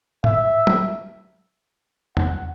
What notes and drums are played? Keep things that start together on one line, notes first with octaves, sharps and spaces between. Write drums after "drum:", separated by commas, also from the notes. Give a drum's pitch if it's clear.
E5, drum: tom
drum: tom
F#5, drum: tom E2